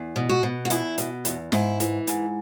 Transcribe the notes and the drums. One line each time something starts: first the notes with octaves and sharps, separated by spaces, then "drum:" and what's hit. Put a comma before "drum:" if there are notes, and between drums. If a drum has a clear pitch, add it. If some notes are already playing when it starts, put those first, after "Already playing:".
Already playing: E2
B2
F#4
B2
F#4
E2 E4, drum: hi-hat
B2, drum: hi-hat
E2, drum: hi-hat
G#2 E4, drum: snare
E3, drum: hi-hat
G#2, drum: hi-hat